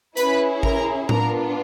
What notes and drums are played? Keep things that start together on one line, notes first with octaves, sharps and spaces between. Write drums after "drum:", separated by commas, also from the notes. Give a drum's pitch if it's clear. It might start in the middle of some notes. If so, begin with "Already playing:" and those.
C#4 E4 G#4 B4 B5, drum: hi-hat
A#4 A#5, drum: kick G#1
B3 D4 F4 A#4 A#5, drum: tom A2